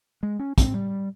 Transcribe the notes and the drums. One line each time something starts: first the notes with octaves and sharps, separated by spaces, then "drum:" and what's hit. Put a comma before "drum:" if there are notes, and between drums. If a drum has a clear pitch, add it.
G#3
C#4
C4, drum: kick, hi-hat
G3